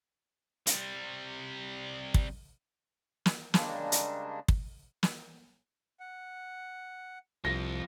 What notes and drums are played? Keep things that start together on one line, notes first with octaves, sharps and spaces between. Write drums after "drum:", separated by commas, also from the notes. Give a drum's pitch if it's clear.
C3 G3, drum: hi-hat
drum: kick
drum: snare
C#3 G3 G#3 A#3 D4, drum: snare
drum: hi-hat
drum: kick
drum: snare
F#5
C2 F3 C4 A#6